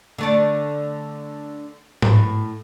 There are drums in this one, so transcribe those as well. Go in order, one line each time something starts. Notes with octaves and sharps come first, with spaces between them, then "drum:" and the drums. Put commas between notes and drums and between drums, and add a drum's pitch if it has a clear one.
D3 A3 D5
A2, drum: tom G#2